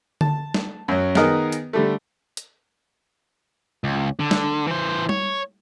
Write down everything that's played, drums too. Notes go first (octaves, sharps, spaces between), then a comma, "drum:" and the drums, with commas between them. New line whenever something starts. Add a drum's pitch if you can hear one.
A5, drum: tom D3
drum: snare
F#2 F#3
D#3 B3 G#4 A#4 D#5, drum: snare
drum: hi-hat
D3 G3 A3
drum: hi-hat
C#2
D3
drum: snare
E3 C5
C#5, drum: tom G3